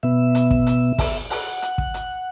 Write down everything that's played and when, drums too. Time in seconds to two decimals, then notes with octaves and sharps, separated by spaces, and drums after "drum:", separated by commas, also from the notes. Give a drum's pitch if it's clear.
0.03 B2 B3 E5
0.35 drum: hi-hat
0.51 drum: kick
0.67 drum: hi-hat
0.98 drum: kick, open hi-hat
1.31 F#5, drum: open hi-hat
1.62 drum: hi-hat
1.78 drum: kick
1.94 drum: hi-hat